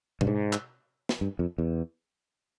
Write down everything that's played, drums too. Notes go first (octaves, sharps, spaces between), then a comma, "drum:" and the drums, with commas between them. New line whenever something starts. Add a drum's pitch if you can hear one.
G2, drum: tom B2
G#2
drum: clap
drum: snare
G2
F2
E2